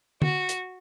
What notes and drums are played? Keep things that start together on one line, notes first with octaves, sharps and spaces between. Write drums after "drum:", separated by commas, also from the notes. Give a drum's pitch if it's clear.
F#4, drum: tom
drum: hi-hat